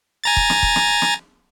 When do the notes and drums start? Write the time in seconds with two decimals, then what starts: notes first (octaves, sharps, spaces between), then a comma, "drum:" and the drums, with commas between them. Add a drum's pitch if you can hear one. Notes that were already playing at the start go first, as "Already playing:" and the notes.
0.24 G#5 A#5 A6
0.37 drum: kick
0.50 drum: snare
0.63 drum: kick
0.76 drum: snare
1.02 drum: snare